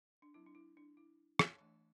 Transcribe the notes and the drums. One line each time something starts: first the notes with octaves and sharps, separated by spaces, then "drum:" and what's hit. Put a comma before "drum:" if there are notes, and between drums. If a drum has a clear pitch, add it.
D4
F#3 C4 E4
D4
E4
D4
E4
drum: rim click
E3 A3 D4